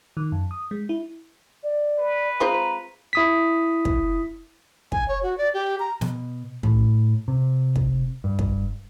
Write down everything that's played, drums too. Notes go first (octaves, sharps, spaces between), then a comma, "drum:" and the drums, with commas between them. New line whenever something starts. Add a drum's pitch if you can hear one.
D#3
F#2
D#6
G#3
E4
D5
B4
G#3 C4 F4 A#5
E4 D#6 B6
drum: kick
G#5, drum: kick
C#5
F#4
D5
G4
A#5
B2, drum: snare
A2, drum: tom
C3
drum: kick
G2
drum: kick